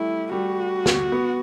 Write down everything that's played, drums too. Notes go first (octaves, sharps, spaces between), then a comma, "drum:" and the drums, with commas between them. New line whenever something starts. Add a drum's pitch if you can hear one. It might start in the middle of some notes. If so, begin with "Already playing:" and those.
Already playing: G3 A3 E4
G3 F#4
drum: snare
B3